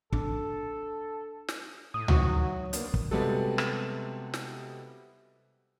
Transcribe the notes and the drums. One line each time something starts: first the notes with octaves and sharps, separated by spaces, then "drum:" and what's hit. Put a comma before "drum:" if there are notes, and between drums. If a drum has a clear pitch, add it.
D4 A4, drum: kick
drum: snare
A2 D#6
D#3 F#3 E4 F#4, drum: tom C#2
A#3 B3 D4, drum: hi-hat
drum: kick
C3 G3 G#3 B3 F#4 A4
drum: rim click
drum: snare